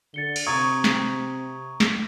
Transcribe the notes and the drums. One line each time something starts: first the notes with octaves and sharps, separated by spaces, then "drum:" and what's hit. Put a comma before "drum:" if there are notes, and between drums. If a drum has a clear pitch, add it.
D3 A6 C#7 G7
drum: cymbal
C3 A#5 C#6 D#6 G#6
drum: snare
drum: snare